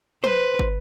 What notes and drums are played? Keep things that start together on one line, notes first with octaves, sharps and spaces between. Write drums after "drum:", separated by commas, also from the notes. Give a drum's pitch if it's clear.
B4 C5, drum: tom
drum: kick